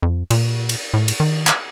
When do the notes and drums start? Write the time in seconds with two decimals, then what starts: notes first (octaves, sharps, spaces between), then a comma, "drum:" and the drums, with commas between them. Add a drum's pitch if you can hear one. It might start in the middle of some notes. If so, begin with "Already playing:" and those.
0.03 F2
0.31 A#2, drum: cymbal
0.69 drum: cymbal
0.94 A2
1.08 drum: cymbal
1.20 D#3
1.47 drum: clap